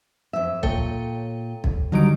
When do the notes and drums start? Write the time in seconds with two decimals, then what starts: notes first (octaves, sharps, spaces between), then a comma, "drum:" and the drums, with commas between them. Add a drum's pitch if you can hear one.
0.33 F2 E5
0.63 A#2 A4 C#5 G5, drum: kick
1.64 drum: kick
1.92 D3 D#3 F#3 G3 D#4 D7